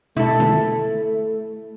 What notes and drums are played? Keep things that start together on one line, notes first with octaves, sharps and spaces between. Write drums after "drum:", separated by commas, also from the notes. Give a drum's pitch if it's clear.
A3 E4 A4, drum: tom B2
drum: tom